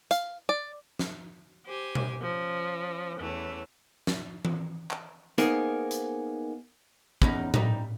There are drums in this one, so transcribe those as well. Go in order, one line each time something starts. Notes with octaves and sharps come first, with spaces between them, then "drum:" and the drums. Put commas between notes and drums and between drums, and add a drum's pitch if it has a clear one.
F5, drum: hi-hat
D5
drum: snare
G4 C5 G#5
drum: tom B2
F3 C#4
E2 E3 A3 C#4
drum: snare
drum: tom E3
drum: clap
A#3 B3 D#4 G#4 A#4 C5, drum: hi-hat
drum: hi-hat
E2 C#4 D#4, drum: kick
G3 D#4, drum: tom A2